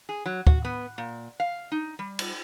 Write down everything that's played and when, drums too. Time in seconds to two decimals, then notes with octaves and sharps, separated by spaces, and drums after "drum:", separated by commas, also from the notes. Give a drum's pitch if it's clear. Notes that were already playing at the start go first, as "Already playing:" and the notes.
0.09 G#4
0.26 F#3
0.47 F#4, drum: kick
0.65 B3
0.98 A#2
1.40 F5
1.72 D#4
1.99 G3
2.19 drum: cymbal